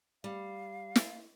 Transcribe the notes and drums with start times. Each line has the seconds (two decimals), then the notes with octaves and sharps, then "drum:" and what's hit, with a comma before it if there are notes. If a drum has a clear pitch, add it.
0.24 G3 F5
0.96 drum: snare